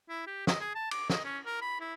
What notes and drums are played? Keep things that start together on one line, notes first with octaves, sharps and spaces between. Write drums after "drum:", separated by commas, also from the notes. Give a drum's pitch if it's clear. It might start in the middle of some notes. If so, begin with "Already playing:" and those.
E4
G4
D#5, drum: snare
G#4
A5
D6, drum: cymbal
D#5, drum: snare
C#4
A#4
B5
E4